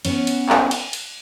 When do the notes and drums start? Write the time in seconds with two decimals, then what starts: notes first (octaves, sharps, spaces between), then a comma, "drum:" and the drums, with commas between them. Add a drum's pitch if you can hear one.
0.05 B3 C#4, drum: cymbal
0.27 drum: cymbal
0.49 drum: clap
0.71 drum: cymbal
0.93 drum: cymbal